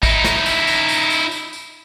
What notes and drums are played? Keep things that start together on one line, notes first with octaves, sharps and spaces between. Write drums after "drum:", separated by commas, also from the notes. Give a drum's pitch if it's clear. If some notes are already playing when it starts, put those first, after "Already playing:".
D#4 E4, drum: kick, tambourine
drum: snare
drum: tambourine
drum: tambourine
drum: tambourine
drum: tambourine
drum: tambourine
drum: tambourine